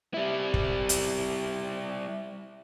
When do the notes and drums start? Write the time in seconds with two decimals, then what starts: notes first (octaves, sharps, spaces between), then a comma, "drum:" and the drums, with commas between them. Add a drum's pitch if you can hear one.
0.14 G3 E4
0.54 drum: kick
0.89 drum: hi-hat